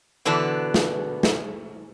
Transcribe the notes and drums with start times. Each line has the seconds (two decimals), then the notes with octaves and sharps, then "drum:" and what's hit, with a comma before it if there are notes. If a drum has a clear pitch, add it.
0.25 B2 D3 E3 B3 D4
0.74 drum: snare
1.23 drum: snare